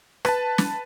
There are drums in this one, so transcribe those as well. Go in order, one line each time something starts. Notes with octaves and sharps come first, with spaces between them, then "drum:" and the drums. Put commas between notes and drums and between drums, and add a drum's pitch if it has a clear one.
B4 A5, drum: rim click
drum: snare